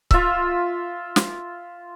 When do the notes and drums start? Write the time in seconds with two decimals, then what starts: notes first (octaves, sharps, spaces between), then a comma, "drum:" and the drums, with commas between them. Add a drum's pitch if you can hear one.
0.11 F4 E5, drum: kick C#1
1.16 drum: snare